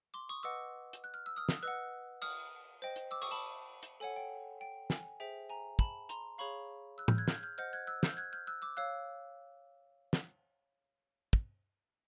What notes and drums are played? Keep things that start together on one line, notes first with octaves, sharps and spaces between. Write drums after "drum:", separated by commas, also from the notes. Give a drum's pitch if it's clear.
C6 D6
C#6 D#6
B4 D#5 F#5 D6 E6
drum: hi-hat
F#6
F6
E6
D#6 F6
drum: snare
B4 D#5 F#5 E6 F#6
D#6 F6, drum: cymbal
C5 D#5 G5
drum: hi-hat
D6 E6
C#6 D#6, drum: cymbal
A5 B5
drum: hi-hat
A4 C#5 F#5 G#5
G5
G5
G#5, drum: snare
G#4 C5 E5 G5
G#5 A#5
A5 B5, drum: kick
A#5 C6, drum: hi-hat
G#4 C#5 F5 B5 C#6
E6 F#6
F6 G6, drum: tom A2
F#6 G#6
F6 G6, drum: snare
F6 G6
C5 D#5 F#5 F6 G6
F#6 G#6
E6 F#6
F6 G6, drum: snare
F#6 G#6
F6 G6
E6 F#6
D6 E6
C#5 F5 E6 F#6
drum: snare
drum: kick